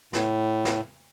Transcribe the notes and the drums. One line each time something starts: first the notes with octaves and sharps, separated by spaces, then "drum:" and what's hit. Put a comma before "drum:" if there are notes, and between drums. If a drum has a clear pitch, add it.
A2, drum: snare
drum: snare